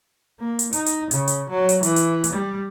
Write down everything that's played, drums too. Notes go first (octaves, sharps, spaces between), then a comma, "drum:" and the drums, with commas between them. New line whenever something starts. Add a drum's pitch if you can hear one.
A#3
drum: hi-hat
D#4, drum: hi-hat
drum: hi-hat
C#3, drum: hi-hat
drum: hi-hat
F#3
drum: hi-hat
E3, drum: hi-hat
drum: hi-hat
drum: hi-hat
G3